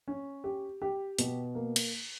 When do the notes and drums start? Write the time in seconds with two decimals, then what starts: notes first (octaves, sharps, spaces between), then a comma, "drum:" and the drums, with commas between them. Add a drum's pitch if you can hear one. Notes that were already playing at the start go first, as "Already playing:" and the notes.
0.08 C#4
0.44 G4
0.82 G4
1.19 B2, drum: hi-hat
1.55 A#3
1.76 drum: cymbal